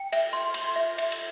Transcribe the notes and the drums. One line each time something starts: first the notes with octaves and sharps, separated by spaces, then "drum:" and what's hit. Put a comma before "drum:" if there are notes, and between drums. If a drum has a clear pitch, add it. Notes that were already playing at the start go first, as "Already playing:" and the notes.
Already playing: G5
E5, drum: cymbal
C6
C6, drum: cymbal
E5
E5, drum: cymbal
drum: cymbal